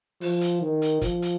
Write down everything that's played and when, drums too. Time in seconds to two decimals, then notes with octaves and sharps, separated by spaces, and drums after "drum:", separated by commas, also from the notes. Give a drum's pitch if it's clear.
0.21 F3, drum: open hi-hat
0.41 drum: hi-hat
0.62 D#3
0.82 drum: hi-hat
1.01 F3, drum: kick, hi-hat
1.22 drum: hi-hat